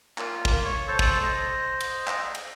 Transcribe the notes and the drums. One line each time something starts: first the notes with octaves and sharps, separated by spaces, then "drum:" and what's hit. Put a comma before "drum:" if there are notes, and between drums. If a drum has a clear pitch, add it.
A#3 F4, drum: clap
drum: kick
C#5
A4 C5 A5
drum: kick
C5 D#5
drum: cymbal
drum: clap
drum: cymbal